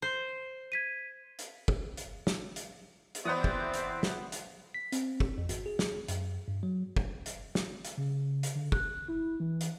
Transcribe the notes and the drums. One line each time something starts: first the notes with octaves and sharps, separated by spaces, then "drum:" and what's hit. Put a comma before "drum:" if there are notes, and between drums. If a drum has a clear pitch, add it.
C5
G#6 B6 D#7
drum: hi-hat
drum: kick
drum: hi-hat
drum: snare
drum: hi-hat
drum: hi-hat
E3 B3 C4 C5 D5 F#5 D#6
drum: kick
drum: hi-hat
drum: snare
drum: hi-hat
B6
C4, drum: hi-hat
drum: kick
F2
G#1, drum: hi-hat
G#4
drum: snare
F#2, drum: hi-hat
G2
F#3
drum: kick
drum: hi-hat
drum: snare
drum: hi-hat
C#3
drum: hi-hat
D3
F#6, drum: kick
E4
E3
drum: hi-hat